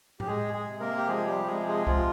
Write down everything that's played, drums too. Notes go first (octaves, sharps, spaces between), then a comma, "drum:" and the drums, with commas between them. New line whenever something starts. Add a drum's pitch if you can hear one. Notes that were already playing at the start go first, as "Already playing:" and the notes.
G4, drum: tom A2
G#3 G#4
G#3 G#4
C3
A#3 A#4
G4
F3 G#3 G#4
G3 G4
C3 G#3 G#4
G#3 G#4
F3 G#3 F4, drum: kick C2